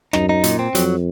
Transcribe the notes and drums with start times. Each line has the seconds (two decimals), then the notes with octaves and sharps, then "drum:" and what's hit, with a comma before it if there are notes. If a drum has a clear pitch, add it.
0.13 F#2 D#4, drum: rim click
0.29 D#4
0.44 A#2, drum: hi-hat
0.59 C4
0.75 F2 F#3, drum: hi-hat